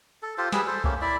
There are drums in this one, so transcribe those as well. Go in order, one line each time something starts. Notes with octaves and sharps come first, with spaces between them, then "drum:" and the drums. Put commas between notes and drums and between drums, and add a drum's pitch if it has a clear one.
A4
F4 G4 A4 C5
G3 G#4 B4 E6, drum: snare
A4 C5
A3 A#3 C#4 G4, drum: kick C2
E4 D5 E5